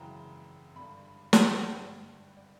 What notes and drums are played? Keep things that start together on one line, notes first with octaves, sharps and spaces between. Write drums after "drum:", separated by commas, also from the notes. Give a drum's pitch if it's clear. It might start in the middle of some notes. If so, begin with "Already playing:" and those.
Already playing: F#2 C#3 E3 E5 F#5 G5 A#5
G2 D3 B5
B5
A#5, drum: snare
F#5
G2 D3 G5
D5